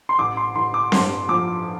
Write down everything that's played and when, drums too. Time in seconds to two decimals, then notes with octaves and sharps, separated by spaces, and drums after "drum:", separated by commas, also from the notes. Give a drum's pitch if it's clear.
0.09 C6
0.19 A1 D6
0.37 C6
0.55 A1 C6
0.74 D6
0.92 G2 C6, drum: snare C4
1.28 F3 D6